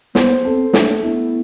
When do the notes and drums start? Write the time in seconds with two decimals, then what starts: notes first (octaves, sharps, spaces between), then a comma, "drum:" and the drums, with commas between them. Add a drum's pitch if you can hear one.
0.15 B3 C5, drum: snare
0.44 C4 A4
0.73 A3 D4, drum: snare
1.03 B3 E4